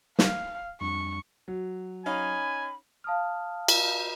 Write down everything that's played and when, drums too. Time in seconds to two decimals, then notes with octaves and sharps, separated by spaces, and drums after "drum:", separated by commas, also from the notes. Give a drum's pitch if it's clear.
0.19 F5, drum: snare
0.81 F2 G3 D4 C#6
1.48 F#3
2.06 C#4 D#4 F5 G#5 B5
3.04 F5 A5 D#6 F6
3.68 drum: cymbal